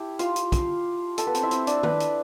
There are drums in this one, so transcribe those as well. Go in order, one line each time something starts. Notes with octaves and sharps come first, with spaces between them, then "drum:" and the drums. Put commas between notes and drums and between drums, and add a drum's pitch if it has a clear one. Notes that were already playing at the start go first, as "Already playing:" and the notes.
Already playing: E4 G4 A5
F4 F5, drum: hi-hat
drum: hi-hat
drum: kick, hi-hat
A4 A5, drum: hi-hat
B3 B4
C4 C5, drum: hi-hat
E4 E5
C4 C5, drum: hi-hat
D4 D5, drum: hi-hat
B4 B5, drum: tom
drum: hi-hat